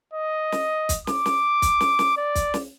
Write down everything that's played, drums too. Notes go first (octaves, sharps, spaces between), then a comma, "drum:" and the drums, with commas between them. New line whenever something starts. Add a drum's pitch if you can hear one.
D#5
drum: snare
drum: kick, hi-hat
D6, drum: snare
drum: snare
drum: kick, hi-hat
drum: snare
drum: snare
D5
drum: kick, hi-hat
drum: snare